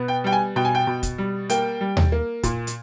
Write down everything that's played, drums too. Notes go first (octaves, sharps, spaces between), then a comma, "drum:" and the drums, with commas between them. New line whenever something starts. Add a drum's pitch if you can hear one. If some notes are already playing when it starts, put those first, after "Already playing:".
Already playing: B2 B3
G5
G3 G5
G#5
B2 G5
G#5
G5
B2
drum: kick, hi-hat
G3
A#3 G5, drum: hi-hat
G3
drum: tom D#2
A#3
A#2, drum: kick, hi-hat
drum: hi-hat